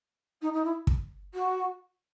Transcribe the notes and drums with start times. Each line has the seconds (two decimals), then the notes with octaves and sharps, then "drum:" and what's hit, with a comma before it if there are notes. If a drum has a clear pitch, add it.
0.41 D#4
0.53 D#4
0.64 E4
0.87 drum: kick
1.34 F#4